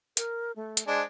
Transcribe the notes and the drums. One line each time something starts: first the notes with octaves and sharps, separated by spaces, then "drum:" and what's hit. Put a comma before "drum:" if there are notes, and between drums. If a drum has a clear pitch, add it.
A#4, drum: hi-hat
A3
drum: hi-hat
G#3 D4 C5